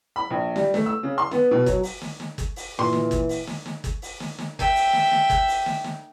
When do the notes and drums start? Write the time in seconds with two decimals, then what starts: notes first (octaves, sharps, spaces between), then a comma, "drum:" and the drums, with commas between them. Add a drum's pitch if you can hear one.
0.16 B5
0.30 A#1
0.56 G3, drum: snare
0.74 A3, drum: snare
0.86 E6
1.03 C#3
1.18 C6
1.31 B3, drum: snare
1.51 B2
1.66 F#3, drum: kick, hi-hat
1.83 drum: open hi-hat
2.01 drum: snare
2.20 drum: snare
2.38 drum: kick, hi-hat
2.56 drum: open hi-hat
2.79 A#2 E3 C6
2.93 drum: snare
3.11 drum: kick, hi-hat
3.29 drum: open hi-hat
3.47 drum: snare
3.66 drum: snare
3.84 drum: kick, hi-hat
4.02 drum: open hi-hat
4.20 drum: snare
4.38 drum: snare
4.59 E5 G5, drum: kick, hi-hat
4.75 drum: open hi-hat
4.93 drum: snare
5.11 drum: snare
5.30 drum: kick, hi-hat
5.48 drum: open hi-hat
5.66 drum: snare
5.84 drum: snare